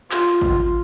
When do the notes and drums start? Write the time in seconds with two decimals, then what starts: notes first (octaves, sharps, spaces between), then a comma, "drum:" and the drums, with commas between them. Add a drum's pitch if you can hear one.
0.11 F4, drum: clap
0.42 drum: kick G#1